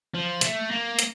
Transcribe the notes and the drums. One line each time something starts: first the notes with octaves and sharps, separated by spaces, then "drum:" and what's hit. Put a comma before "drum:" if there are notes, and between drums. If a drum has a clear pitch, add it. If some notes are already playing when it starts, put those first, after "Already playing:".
F3
A3, drum: hi-hat
A#3
drum: hi-hat